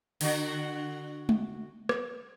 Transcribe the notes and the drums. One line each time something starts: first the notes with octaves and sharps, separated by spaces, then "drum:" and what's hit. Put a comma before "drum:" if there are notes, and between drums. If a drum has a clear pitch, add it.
D3 F#4, drum: open hi-hat
drum: tom G#3
drum: rim click